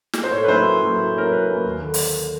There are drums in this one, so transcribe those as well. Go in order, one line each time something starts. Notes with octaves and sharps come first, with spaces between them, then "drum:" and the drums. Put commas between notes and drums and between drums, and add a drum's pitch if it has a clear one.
drum: snare
C5
A2 C#5
B4
F#3 A#3 C#4 E4 C5
A2
F#3 A#3 C#4 E4
A2
F#3 A#3 C#4 E4 A#4
A2 B4
F#3 A#3 C#4 E4
D#2
D3
drum: open hi-hat